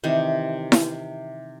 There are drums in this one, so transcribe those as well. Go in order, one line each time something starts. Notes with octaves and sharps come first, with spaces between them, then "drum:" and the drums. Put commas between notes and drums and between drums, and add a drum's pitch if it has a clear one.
C3 D#3 E3 G4
drum: snare E4